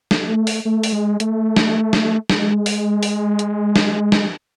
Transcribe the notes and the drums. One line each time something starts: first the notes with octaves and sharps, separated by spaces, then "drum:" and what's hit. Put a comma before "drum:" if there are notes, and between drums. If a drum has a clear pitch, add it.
A3, drum: snare
drum: open hi-hat
A3
drum: open hi-hat
G#3
A3, drum: hi-hat
drum: snare
drum: snare
G#3, drum: snare
drum: open hi-hat
drum: open hi-hat
drum: hi-hat
drum: snare
drum: snare